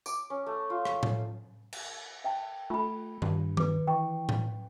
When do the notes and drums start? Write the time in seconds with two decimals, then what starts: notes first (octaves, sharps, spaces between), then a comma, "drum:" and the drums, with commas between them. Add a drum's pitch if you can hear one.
0.06 D6, drum: tambourine
0.30 C#4
0.46 A3
0.70 F4
0.85 drum: rim click
1.03 drum: tom A2
1.73 drum: cymbal
2.24 E5 G5 A5
2.70 A3 F4 B5
3.22 G2, drum: tom D#3
3.57 B4 D6, drum: tom D#3
3.87 E3 G5 C#6
4.29 drum: tom A2